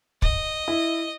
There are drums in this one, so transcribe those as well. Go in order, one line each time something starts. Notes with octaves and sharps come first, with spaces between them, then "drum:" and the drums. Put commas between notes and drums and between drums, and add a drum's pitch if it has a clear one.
D#5, drum: kick
E4